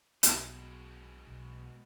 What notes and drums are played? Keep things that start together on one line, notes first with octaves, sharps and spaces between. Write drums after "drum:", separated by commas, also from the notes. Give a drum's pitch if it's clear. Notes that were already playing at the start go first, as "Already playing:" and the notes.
B1 B2 G#3, drum: hi-hat
B1